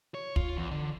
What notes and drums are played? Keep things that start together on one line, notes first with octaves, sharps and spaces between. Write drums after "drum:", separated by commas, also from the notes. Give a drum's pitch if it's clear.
C#5
F4, drum: kick
E2
D3